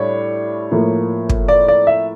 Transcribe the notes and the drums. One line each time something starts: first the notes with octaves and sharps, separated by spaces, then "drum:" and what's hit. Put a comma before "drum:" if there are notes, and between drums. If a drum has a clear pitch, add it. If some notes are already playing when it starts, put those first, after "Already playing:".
Already playing: A2 G3 D4 C#5
A2 F3 A#3
drum: kick
D5
D5
E5